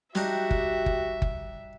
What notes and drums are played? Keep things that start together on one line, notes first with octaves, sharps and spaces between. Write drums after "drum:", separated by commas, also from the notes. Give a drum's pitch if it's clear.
G3 D4 D#4 F#4 G4 E5, drum: snare
drum: kick
drum: kick
drum: kick